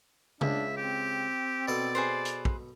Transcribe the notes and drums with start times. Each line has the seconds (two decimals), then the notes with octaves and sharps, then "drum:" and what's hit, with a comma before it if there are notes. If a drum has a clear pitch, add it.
0.41 C#2 D4 E5, drum: tom C#3
0.77 C4 G4
1.68 B2 A4 D5 C6
1.95 G#4 B4 C5
2.25 drum: hi-hat
2.45 drum: kick